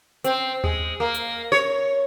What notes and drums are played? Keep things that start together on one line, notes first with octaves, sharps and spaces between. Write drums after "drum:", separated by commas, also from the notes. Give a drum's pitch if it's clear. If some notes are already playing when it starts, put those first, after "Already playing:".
C4, drum: hi-hat
G#3, drum: tom D#2
A#3
drum: hi-hat
C#5